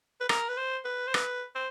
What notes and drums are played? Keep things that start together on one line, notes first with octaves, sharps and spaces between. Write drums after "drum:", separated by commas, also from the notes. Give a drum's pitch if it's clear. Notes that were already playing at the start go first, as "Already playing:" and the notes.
B4
A#4, drum: rim click
B4
C5
B4
C5
B4, drum: rim click
C5